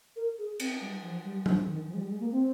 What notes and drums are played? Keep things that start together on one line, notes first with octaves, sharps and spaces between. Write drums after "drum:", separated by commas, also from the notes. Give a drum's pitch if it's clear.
A#4
G#4
C4, drum: cymbal
G3
F3
G3
F3, drum: tom
D#3
F3
G#3
G3
G#3
A#3
C4